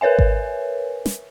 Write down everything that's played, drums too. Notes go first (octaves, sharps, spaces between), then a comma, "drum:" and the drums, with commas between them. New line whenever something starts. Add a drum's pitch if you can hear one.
A#4 B4 C#5 E5 G#5
drum: kick G#1
drum: snare